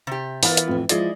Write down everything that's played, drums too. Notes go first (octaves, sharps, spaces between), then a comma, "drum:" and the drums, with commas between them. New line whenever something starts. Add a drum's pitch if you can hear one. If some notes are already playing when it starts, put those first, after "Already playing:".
C3 G4
E3 B3 F4 A#4, drum: open hi-hat
drum: hi-hat
F2 A2 E3
F3 G#3 E4 G#4 D5 D#5, drum: hi-hat